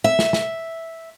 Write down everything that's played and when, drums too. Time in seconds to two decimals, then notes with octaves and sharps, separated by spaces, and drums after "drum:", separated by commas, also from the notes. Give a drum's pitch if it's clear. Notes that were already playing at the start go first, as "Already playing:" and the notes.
0.04 E5
0.19 drum: snare
0.33 drum: snare